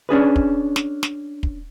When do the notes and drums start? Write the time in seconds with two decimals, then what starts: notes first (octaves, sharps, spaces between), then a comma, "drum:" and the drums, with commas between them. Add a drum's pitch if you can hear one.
0.09 C#4 D4 G#4 B4
0.36 drum: kick
0.76 drum: snare
1.03 drum: snare
1.43 drum: kick